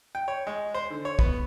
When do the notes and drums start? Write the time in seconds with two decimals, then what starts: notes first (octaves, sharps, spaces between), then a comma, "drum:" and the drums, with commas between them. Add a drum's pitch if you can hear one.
0.15 G5
0.28 C#5
0.47 G#3
0.74 C5
0.90 D3
1.05 C#5
1.19 B3, drum: kick